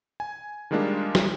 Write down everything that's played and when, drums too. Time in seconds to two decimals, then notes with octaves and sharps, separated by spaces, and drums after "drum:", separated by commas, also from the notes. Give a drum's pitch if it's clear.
0.20 G#5
0.71 D#3 G3 G#3 A#3 D4 F4
1.15 drum: snare